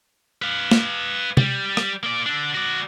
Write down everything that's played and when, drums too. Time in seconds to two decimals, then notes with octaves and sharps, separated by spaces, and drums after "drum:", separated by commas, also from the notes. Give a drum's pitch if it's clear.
0.42 B4 F5
0.71 drum: snare
1.37 G3, drum: tom C3
1.77 drum: rim click
2.03 A#3 D5
2.26 D3 D4
2.55 F#4 D5